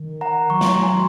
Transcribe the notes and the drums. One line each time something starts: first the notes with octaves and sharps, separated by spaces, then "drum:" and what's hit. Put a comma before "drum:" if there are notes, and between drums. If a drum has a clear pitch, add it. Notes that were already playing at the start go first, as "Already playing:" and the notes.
Already playing: D#3
F#5 A#5
F#3 C#6
C6, drum: snare
A#5
G#5 C6